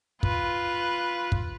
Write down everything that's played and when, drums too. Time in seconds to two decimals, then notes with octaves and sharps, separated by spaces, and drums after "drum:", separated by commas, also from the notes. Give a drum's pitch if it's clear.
0.23 F4 B4, drum: kick
1.32 drum: kick